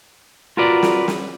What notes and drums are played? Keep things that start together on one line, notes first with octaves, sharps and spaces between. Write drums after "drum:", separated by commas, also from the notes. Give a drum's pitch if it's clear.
F4 F#4 A#4 B4 D5
drum: snare
drum: snare